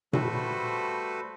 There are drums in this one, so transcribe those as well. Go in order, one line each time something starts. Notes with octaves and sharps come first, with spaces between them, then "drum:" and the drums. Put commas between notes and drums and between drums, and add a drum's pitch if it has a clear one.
G3 A3 F#4 A4 B4 C5, drum: tom A#2